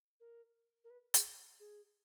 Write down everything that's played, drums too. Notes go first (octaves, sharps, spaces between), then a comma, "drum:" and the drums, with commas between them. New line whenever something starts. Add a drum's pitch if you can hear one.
A#4
A#4
B4
G#4, drum: hi-hat
G#4